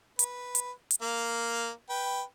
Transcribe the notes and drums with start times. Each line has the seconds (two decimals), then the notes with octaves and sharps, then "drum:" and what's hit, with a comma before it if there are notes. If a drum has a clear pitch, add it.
0.19 B4, drum: hi-hat
0.55 drum: hi-hat
0.91 drum: hi-hat
1.02 A#3 F5
1.90 B4 G5